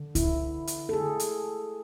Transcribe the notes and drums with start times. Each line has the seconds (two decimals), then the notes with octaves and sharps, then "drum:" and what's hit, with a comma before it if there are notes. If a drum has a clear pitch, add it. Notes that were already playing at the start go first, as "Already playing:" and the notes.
Already playing: D3
0.15 E4, drum: kick C#2, hi-hat
0.67 drum: hi-hat
0.89 A4
0.93 G#4
1.20 drum: hi-hat